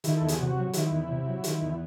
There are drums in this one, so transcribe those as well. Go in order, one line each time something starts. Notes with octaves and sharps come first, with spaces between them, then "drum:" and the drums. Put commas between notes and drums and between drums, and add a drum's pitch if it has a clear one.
D#3 E4, drum: hi-hat
E2 A4
G#4, drum: hi-hat
C3 F#4
F#3
D#3 E4, drum: hi-hat
E2
C3
F#3
D#3, drum: hi-hat
E2